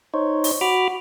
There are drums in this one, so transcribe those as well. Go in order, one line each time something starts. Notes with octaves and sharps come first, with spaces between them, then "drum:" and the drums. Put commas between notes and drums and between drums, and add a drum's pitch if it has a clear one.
D#4 C5 C#5
drum: open hi-hat
F#4 B5 D6 F6